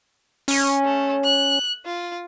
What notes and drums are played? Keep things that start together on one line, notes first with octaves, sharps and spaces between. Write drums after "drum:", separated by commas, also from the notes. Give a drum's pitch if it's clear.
C#4, drum: open hi-hat
A3
F#6
F4